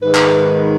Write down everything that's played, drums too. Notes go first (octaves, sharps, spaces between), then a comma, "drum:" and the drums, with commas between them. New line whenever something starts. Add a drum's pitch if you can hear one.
G#2 D#3 G#3 B4
drum: clap